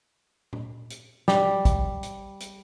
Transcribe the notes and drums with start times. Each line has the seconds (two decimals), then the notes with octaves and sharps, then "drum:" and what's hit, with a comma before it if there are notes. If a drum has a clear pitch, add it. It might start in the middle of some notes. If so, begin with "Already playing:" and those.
0.53 drum: tom A#2
0.90 drum: hi-hat
1.28 G3, drum: snare
1.65 drum: kick, hi-hat
2.03 drum: hi-hat
2.40 drum: hi-hat